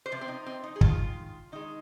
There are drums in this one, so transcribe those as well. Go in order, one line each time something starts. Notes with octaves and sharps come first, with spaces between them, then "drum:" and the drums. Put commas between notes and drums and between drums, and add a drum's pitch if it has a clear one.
C5
C3 F3
C4
D#4
C4
D#4
G#4
D#3 G#3 F4, drum: kick
D#3 G#3 D#4